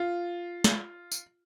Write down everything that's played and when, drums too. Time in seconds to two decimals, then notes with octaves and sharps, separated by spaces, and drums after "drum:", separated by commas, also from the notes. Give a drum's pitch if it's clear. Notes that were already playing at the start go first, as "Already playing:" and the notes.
Already playing: F4
0.64 drum: snare
1.12 drum: tambourine